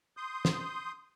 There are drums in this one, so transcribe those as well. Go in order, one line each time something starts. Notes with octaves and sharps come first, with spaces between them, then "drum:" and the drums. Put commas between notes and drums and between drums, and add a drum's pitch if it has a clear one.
C6 D#6 G6
drum: snare